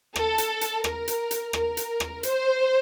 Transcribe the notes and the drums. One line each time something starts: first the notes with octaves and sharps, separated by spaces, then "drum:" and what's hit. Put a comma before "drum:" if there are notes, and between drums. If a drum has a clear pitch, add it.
A4, drum: rim click
drum: hi-hat
drum: hi-hat
A#4, drum: rim click
drum: hi-hat
drum: hi-hat
A#4, drum: rim click
drum: hi-hat
drum: rim click
C5, drum: hi-hat